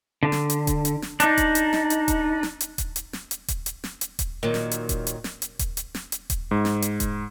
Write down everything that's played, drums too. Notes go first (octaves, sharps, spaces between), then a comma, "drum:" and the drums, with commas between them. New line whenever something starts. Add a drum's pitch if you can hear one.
D3
drum: snare
drum: hi-hat
drum: kick D#1, hi-hat
drum: hi-hat
drum: snare
D4 D#4, drum: hi-hat
drum: kick D#1, hi-hat
drum: hi-hat
drum: snare
drum: hi-hat
drum: kick D#1, hi-hat
drum: snare
drum: hi-hat
drum: kick D#1, hi-hat
drum: hi-hat
drum: snare
drum: hi-hat
drum: kick D#1, hi-hat
drum: hi-hat
drum: snare
drum: hi-hat
drum: kick D#1, hi-hat
A#2 D#3 F#3
drum: snare
drum: hi-hat
drum: kick D#1, hi-hat
drum: hi-hat
drum: snare
drum: hi-hat
drum: kick D#1, hi-hat
drum: hi-hat
drum: snare
drum: hi-hat
drum: kick D#1, hi-hat
G#2
drum: snare
drum: hi-hat
drum: kick D#1, hi-hat